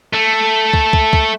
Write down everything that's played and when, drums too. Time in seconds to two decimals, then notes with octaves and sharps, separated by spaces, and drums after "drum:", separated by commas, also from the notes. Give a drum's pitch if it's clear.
0.14 A3
0.73 drum: kick
0.93 drum: kick
1.13 drum: kick